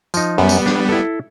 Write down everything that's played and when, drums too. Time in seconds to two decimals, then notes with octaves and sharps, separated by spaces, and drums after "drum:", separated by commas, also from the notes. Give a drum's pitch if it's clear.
0.14 F3 D#4, drum: tambourine
0.38 F#2 G3 B3
0.49 drum: tambourine
0.66 D4, drum: snare
0.89 E4 A4